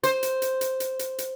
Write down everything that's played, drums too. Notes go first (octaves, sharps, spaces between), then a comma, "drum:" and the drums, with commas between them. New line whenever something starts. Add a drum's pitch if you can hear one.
C5, drum: hi-hat
drum: hi-hat
drum: hi-hat
drum: hi-hat
drum: hi-hat
drum: hi-hat
drum: hi-hat